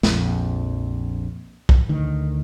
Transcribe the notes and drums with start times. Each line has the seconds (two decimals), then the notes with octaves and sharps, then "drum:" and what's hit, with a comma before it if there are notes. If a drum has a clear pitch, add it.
0.03 A#1 F2, drum: snare
1.69 drum: kick
1.89 D2 D#3